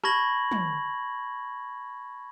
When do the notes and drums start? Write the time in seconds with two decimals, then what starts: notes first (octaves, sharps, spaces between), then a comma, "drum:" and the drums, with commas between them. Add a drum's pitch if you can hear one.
0.04 A5 B5 C#6 G#6 A#6 F#7, drum: rim click
0.52 drum: tom